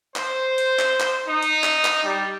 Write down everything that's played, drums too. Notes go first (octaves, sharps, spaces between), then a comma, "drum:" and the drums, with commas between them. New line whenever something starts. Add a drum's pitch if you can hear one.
C5, drum: clap
drum: hi-hat
drum: clap
drum: clap
D#4
drum: hi-hat
drum: clap
drum: clap
G3